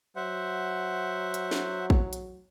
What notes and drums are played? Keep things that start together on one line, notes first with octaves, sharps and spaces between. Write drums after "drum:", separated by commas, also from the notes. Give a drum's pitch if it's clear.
F#3 C5 E5 F#5
drum: hi-hat
drum: snare
drum: kick A1
drum: hi-hat